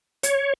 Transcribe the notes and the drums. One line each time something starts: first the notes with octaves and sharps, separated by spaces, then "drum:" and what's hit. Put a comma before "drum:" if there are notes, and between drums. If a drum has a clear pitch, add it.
C#5, drum: hi-hat